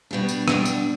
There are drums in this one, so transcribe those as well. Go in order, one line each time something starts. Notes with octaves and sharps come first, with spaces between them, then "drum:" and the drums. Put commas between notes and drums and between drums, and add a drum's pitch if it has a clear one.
B2 G3 D4
drum: tambourine
B2 G3 D4, drum: rim click
drum: tambourine